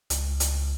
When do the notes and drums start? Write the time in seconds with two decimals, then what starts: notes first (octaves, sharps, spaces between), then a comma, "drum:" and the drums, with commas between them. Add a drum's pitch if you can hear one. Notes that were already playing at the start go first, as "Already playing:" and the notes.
0.10 C#2, drum: hi-hat
0.40 drum: hi-hat